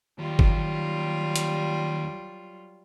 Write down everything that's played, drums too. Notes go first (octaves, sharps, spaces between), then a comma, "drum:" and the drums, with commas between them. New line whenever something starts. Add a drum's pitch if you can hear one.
D#2 F#3 G3 F4
drum: kick
drum: hi-hat